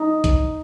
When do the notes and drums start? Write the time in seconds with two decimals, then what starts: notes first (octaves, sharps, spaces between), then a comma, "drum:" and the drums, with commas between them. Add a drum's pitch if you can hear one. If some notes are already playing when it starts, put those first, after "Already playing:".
Already playing: D#4
0.24 drum: kick, hi-hat